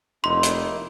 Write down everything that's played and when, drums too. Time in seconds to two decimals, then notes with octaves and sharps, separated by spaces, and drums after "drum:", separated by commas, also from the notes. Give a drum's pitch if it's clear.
0.24 F1 A#3 D#4 E4 C6
0.43 drum: hi-hat